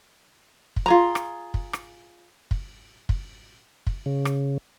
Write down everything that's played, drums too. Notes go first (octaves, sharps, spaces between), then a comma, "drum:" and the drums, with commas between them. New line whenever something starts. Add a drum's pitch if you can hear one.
drum: kick
F4 G#4 A#5
drum: rim click
drum: kick
drum: rim click
drum: kick
drum: kick
drum: kick
C#3
drum: rim click